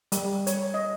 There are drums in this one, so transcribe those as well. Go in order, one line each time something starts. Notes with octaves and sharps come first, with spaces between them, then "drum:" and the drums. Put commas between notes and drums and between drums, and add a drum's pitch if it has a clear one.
G3, drum: hi-hat
C#5, drum: hi-hat
D#5